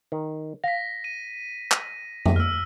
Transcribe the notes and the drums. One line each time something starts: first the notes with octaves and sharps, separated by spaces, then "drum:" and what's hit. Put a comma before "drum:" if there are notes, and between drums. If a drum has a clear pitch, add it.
D#3
F5 A#6 B6
D#7
drum: clap
drum: tom F2
E6 F6